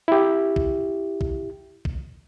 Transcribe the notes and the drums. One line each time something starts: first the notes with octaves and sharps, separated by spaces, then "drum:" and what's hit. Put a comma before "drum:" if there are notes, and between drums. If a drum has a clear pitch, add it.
E4 G4
drum: kick A#1
drum: kick A#1
drum: kick A#1